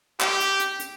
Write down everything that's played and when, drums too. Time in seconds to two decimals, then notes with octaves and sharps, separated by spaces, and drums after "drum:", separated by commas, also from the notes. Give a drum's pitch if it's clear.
0.20 G4, drum: clap
0.40 drum: hi-hat
0.60 drum: hi-hat
0.80 drum: hi-hat